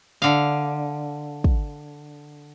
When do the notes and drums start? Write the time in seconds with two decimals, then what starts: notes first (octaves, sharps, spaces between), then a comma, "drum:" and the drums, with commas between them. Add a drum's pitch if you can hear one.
0.22 D3 F5
1.44 drum: kick